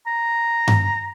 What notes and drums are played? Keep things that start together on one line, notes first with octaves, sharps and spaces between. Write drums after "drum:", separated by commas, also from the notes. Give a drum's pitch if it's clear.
A#5
drum: tom G2